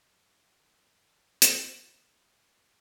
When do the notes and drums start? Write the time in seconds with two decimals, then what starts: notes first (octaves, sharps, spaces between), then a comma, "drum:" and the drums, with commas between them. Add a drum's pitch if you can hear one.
0.12 F#2 D#3
1.42 drum: hi-hat